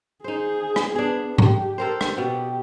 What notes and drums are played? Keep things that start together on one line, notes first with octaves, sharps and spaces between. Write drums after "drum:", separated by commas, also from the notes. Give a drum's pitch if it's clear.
D#4 G#4 C5
drum: rim click
B3 D4 G#4
G4, drum: tom
A4 A#4 C5
drum: rim click
B2 B3 G4